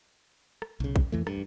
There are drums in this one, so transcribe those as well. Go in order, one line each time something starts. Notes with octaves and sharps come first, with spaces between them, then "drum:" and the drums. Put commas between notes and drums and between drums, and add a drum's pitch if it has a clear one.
drum: rim click
B1 C#3
drum: kick
F2 E3 A3
G2, drum: rim click